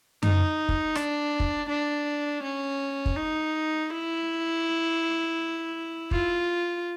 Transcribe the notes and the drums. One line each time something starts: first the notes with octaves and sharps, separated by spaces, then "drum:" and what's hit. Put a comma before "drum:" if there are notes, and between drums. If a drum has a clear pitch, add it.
D#4, drum: tom F#2
drum: kick
D4, drum: rim click
drum: kick
D4
C#4
drum: kick
D#4
E4
F4, drum: kick